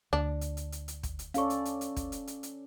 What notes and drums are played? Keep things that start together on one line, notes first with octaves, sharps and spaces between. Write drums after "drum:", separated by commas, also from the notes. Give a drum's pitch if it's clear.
D2 D4
drum: hi-hat
drum: hi-hat
drum: hi-hat
drum: hi-hat
drum: kick, hi-hat
drum: hi-hat
C#4 A4 D5 F5 C#6, drum: hi-hat
drum: hi-hat
drum: hi-hat
drum: hi-hat
drum: kick, hi-hat
drum: hi-hat
drum: hi-hat
drum: hi-hat